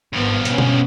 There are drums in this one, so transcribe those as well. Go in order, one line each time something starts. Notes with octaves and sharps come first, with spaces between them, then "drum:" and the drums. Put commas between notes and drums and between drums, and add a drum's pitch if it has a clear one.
G#1 G2 D#3 F3 B3
B2 B3 C#4, drum: hi-hat
drum: tom B2